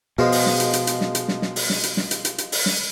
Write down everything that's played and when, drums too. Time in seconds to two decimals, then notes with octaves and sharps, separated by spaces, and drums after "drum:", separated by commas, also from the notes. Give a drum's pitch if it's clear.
0.18 B2 F3 G#3
0.32 drum: open hi-hat
0.46 drum: snare
0.60 drum: hi-hat
0.73 drum: hi-hat
0.87 drum: hi-hat
1.01 drum: snare
1.15 drum: hi-hat
1.28 drum: snare
1.42 drum: snare
1.56 drum: open hi-hat
1.70 drum: snare
1.83 drum: hi-hat
1.97 drum: snare
2.11 drum: hi-hat
2.25 drum: hi-hat
2.38 drum: hi-hat
2.52 drum: open hi-hat
2.66 drum: snare